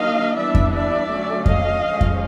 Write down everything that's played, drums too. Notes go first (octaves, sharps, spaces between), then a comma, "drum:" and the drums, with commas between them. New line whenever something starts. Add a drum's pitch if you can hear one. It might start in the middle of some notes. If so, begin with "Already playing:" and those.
Already playing: D#3 F#3 A#3 D4 D#5 F5
E3 G3 B3 D4 D5 E5
drum: kick F2
D5 E5
D3 F#3 A3 C#4
D#5 F5, drum: kick F2
F3 G#3 C#4
drum: kick F2